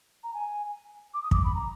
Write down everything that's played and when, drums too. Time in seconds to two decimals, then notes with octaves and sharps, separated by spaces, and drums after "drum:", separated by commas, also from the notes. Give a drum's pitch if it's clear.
0.23 A#5
0.34 G#5
1.14 D6
1.23 D#6
1.31 D6, drum: kick
1.44 B5
1.55 A#5